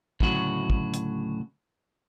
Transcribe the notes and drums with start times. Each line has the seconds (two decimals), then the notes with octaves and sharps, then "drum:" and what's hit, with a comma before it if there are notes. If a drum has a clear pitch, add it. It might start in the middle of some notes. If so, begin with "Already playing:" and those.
0.20 D2 A2 C#3 F#3 F#4, drum: kick
0.70 drum: kick
0.94 drum: hi-hat